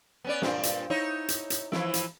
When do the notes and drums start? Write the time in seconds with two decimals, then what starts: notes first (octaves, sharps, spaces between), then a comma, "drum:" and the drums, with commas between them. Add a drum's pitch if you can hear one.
0.24 B3 C#4 D5
0.42 G2 A#2 C4, drum: snare
0.63 drum: hi-hat
0.90 D#4 E4 C#5
1.28 drum: hi-hat
1.50 drum: hi-hat
1.72 E3 F3 E4, drum: snare
1.94 drum: hi-hat